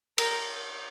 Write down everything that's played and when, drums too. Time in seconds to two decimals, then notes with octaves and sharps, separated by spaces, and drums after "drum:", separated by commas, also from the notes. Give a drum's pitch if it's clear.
0.18 A#4, drum: cymbal